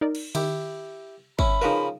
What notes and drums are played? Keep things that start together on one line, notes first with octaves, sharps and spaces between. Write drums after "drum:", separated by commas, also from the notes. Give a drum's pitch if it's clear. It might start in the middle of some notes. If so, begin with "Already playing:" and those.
D#4 A#4 D5
drum: cymbal
D#3 E4 G4, drum: cymbal
C#4 E4 B5, drum: kick
C#3 F3 D#4 A#4 B4